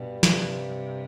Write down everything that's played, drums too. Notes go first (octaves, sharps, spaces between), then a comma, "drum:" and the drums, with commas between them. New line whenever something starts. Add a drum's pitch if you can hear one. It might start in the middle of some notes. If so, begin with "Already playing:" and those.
Already playing: G2 B2 G3
C3, drum: snare